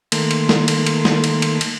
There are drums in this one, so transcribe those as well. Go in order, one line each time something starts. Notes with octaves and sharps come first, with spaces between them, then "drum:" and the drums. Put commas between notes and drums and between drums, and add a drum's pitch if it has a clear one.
D#3 A3 A#3 C6, drum: cymbal
drum: cymbal
drum: snare
drum: cymbal
drum: cymbal
drum: snare
drum: cymbal
drum: cymbal
drum: cymbal